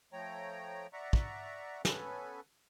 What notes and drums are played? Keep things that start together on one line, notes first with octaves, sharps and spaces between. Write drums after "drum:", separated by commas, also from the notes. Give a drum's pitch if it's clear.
F3 A3 C#5 G5 A#5
D5 E5 F#5 A#5 C#6
drum: kick
B3 C#4 A4 B4 G#5, drum: snare